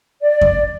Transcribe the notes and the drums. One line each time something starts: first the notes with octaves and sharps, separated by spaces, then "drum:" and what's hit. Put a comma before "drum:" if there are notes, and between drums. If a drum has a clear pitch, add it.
D5
drum: kick F2